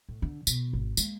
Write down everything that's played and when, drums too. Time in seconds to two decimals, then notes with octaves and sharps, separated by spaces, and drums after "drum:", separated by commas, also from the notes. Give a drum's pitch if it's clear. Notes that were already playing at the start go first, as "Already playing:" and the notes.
0.09 A2
0.22 D3
0.47 B2, drum: tambourine
0.73 G#1
0.97 G#3 A#3, drum: tambourine